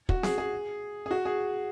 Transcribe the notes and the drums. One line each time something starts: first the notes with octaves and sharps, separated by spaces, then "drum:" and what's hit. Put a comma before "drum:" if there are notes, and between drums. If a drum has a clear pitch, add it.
F#4, drum: kick
G#4, drum: snare C4
G#4
G#4
F#4
G#4